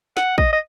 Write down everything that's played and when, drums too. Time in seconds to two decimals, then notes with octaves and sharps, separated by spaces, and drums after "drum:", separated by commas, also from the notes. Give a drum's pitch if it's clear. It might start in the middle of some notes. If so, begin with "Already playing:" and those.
0.17 F#5, drum: snare
0.38 D#5, drum: kick
0.53 D#5